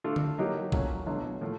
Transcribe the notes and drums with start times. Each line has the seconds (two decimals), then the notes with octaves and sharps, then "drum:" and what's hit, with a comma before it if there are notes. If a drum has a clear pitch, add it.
0.04 A3 D4 F4 A4
0.16 drum: tom D3
0.38 F#3 A#3 D#4 G4
0.72 A#2 F#3 A3 C#4, drum: kick A#1
1.06 B2 F#3 A3 D4 F4
1.41 A2 F3 A3